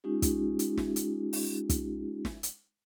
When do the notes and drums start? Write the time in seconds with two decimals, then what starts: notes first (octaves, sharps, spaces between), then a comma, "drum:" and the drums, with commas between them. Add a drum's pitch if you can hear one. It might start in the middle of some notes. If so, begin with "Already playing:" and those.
0.04 G#3 C#4 D#4 F4 G4
0.22 drum: kick, hi-hat
0.59 drum: hi-hat
0.77 drum: snare
0.96 drum: hi-hat
1.33 drum: open hi-hat
1.69 drum: kick, hi-hat
2.25 drum: snare
2.43 drum: hi-hat